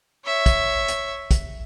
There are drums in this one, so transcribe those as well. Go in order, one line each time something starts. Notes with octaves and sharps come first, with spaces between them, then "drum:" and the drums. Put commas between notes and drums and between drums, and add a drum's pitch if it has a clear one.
C#5 E5
drum: kick, hi-hat
drum: hi-hat
drum: kick, hi-hat